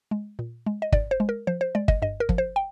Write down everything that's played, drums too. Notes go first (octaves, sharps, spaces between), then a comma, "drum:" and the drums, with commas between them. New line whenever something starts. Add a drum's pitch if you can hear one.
G#3
A#2
G#3
D#5
G#2 D5, drum: kick
C5
G#3
A#4
F3 C5
C5
G#3 D5
D#5, drum: kick
G2 D#5
A#4
F3, drum: kick
C5
G5